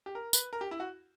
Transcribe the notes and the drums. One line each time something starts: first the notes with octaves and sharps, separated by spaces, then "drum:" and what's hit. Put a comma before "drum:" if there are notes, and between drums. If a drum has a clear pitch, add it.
G4
A#4
B4, drum: tambourine
A#4
G4
E4
F#4